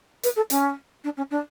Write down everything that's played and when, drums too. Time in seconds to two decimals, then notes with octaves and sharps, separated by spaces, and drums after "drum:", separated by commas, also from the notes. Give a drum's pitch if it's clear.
0.23 B4, drum: hi-hat
0.36 A4
0.50 C#4, drum: hi-hat
1.04 D4
1.17 C#4
1.30 D4